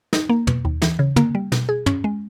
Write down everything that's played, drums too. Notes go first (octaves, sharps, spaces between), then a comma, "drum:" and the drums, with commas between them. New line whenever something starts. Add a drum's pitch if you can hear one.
D#4, drum: snare
A#3
B2, drum: tom
D#2
E3, drum: snare
C#3
A#3, drum: tom
G3
B2, drum: snare
G#4
C#4, drum: tom
G#3